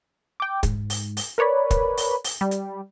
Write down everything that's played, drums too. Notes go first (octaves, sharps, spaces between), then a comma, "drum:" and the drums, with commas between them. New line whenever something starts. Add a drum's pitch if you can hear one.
G5 D6
G#2, drum: kick, hi-hat
drum: open hi-hat
drum: open hi-hat
A#4 B4 C#5 D5 B5
drum: kick, hi-hat
drum: open hi-hat
drum: open hi-hat
G3
drum: hi-hat